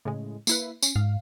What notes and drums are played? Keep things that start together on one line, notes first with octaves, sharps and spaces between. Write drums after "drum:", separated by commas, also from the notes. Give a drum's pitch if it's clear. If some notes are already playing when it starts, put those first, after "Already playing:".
A2 C#3 G#3
A#3 E4 B4, drum: tambourine
C#4, drum: tambourine
G#2 F5